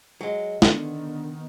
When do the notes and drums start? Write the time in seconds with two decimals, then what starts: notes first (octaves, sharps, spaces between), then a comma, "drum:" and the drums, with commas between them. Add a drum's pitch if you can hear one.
0.21 F#3 G#3
0.62 D3 D#3 B3, drum: snare